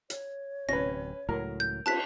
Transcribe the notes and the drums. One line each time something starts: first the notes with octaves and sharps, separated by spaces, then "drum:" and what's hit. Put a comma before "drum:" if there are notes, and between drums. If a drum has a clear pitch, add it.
C#5, drum: hi-hat
D1 G1 C3 C#4 B4 A#6
C#2 A2 F#3 A#4
G6
F4 A5 F#6 B6, drum: cymbal